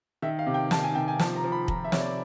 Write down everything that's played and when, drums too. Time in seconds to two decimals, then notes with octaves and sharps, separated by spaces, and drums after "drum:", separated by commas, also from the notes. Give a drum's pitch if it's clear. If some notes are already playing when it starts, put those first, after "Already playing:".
0.22 D#3 E5
0.39 F5
0.46 C3
0.54 G5
0.71 D#3 A5, drum: snare
0.83 G#5
0.95 C3 G5
1.08 G#5
1.19 F3 A5, drum: snare
1.36 A#5
1.44 F3
1.52 B5
1.68 F3 A#5, drum: kick
1.84 E5
1.92 C3 C#5, drum: snare
2.00 D5